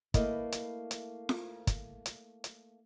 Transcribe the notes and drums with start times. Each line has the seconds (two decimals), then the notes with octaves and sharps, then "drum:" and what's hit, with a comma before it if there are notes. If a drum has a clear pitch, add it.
0.14 A3 A#3 E4 B4 D#5, drum: kick, hi-hat
0.52 drum: hi-hat
0.91 drum: hi-hat
1.29 drum: snare
1.67 drum: kick, hi-hat
2.06 drum: hi-hat
2.44 drum: hi-hat